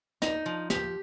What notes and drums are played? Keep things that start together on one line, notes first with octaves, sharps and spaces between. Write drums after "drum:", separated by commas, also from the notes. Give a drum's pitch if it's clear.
D#4, drum: snare
F3
G4, drum: snare